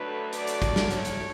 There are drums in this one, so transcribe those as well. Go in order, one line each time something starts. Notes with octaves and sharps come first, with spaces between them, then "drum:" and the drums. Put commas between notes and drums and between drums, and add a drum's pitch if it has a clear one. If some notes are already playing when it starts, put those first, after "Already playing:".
Already playing: D2 D3 F#3 A3 D4 B4
D5, drum: hi-hat
drum: hi-hat
drum: kick, hi-hat
drum: snare
C#5, drum: hi-hat
drum: hi-hat